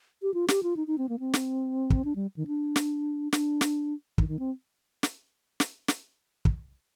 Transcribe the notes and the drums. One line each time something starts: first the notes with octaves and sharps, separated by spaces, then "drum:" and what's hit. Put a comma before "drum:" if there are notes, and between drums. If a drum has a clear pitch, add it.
G4
F4
G4, drum: snare
F4
D#4
D#4
C4
A#3
C4
drum: snare
drum: kick
D4
G3
D#3
D4
drum: snare
D4, drum: snare
drum: snare
D#3, drum: kick
D#3
C4
drum: snare
drum: snare
drum: snare
drum: kick